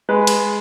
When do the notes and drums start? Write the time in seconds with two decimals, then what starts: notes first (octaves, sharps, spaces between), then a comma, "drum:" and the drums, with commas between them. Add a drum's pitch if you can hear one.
0.09 G#3 B4
0.27 drum: cymbal